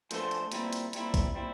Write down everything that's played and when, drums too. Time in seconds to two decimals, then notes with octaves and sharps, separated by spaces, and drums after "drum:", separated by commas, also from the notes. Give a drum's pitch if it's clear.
0.11 F3 A3 D4 A4 C5, drum: hi-hat
0.31 drum: hi-hat
0.52 A#2 G3 C4 E4, drum: hi-hat
0.73 drum: hi-hat
0.93 A#2 G3 C4 E4, drum: hi-hat
1.14 drum: kick B1, hi-hat
1.34 A#2 G3 C4 E4